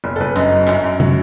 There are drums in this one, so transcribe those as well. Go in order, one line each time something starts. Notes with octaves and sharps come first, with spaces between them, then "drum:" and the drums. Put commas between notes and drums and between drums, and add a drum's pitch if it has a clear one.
F#1
A4
F#1 B4
F#2 D#5, drum: hi-hat
F#3
F#2, drum: clap
F#2
F#3, drum: tom